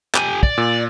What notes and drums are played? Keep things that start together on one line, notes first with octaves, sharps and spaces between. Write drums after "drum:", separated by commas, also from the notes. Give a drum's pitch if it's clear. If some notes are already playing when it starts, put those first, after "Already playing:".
G4 G#5, drum: clap
D5, drum: kick
A#2